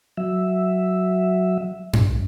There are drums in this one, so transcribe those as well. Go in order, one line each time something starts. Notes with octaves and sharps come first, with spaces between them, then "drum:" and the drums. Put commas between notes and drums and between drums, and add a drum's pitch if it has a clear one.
F#3 E5
drum: tom F#2